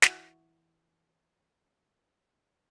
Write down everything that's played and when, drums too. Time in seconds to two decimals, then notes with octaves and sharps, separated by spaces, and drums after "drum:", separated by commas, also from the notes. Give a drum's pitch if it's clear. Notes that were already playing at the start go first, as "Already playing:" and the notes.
0.02 E3 F#4 D5, drum: snare